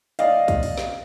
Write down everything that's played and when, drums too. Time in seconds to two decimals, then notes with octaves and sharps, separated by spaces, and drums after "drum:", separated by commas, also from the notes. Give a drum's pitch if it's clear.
0.19 D5 D#5 F5, drum: hi-hat
0.48 drum: kick, hi-hat
0.63 drum: open hi-hat
0.78 drum: snare